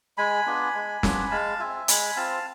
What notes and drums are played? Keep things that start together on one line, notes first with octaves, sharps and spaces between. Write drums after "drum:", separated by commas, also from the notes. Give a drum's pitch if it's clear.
G#3 G#5 B5
B3 D4 F4
G#3
B3 D4 F4, drum: snare
G#3 F5 A5
C4 F4 E5 G#5
G#3 G#5 B5, drum: hi-hat
C4 F4 F5 A5